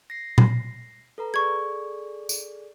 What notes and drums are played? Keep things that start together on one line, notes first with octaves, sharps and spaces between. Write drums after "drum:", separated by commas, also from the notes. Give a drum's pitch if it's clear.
A#6 C7
drum: tom A#2
A4 B4 A#5
G#4 A4 D5 C#6 G#6
drum: tambourine